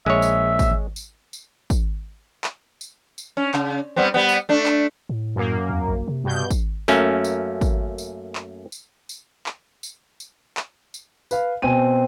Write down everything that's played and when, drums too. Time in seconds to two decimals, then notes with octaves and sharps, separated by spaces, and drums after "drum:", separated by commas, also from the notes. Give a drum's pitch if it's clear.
0.06 A#1 G#3 C#5 E5
0.22 drum: tambourine
0.59 drum: kick, tambourine
0.96 drum: tambourine
1.33 drum: tambourine
1.70 drum: kick, tambourine
2.44 drum: clap
2.81 drum: tambourine
3.18 drum: tambourine
3.37 C#4
3.54 C#3, drum: clap
3.96 G3 B3 C4
4.14 G3 B3
4.29 drum: tambourine
4.49 A3 D4
4.66 drum: clap
5.09 A2
5.36 F#2 A#3
5.69 E2
5.88 A#1
6.07 C3
6.24 G2 B2 G6
6.51 drum: kick, tambourine
6.88 F#2 A3 A#3 C#4, drum: tambourine
7.24 drum: tambourine
7.61 drum: kick, tambourine
7.98 drum: tambourine
8.35 drum: clap
8.72 drum: tambourine
9.09 drum: tambourine
9.46 drum: clap
9.83 drum: tambourine
10.20 drum: tambourine
10.57 drum: clap
10.94 drum: tambourine
11.31 B4 F5, drum: tambourine
11.62 B2 C4 G#5 D#7